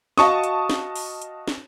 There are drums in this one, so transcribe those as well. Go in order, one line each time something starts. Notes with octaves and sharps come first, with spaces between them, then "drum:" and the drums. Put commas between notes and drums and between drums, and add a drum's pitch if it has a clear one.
F#4 D#5 F5 A5 C#6 D#6, drum: snare
drum: hi-hat
drum: snare
drum: open hi-hat
drum: hi-hat
drum: snare